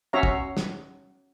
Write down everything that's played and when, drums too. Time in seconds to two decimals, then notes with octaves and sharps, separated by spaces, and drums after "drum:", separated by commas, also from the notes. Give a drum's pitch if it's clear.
0.13 C#4 F#4 C#5 E5 F5 A#5
0.23 drum: kick
0.57 drum: snare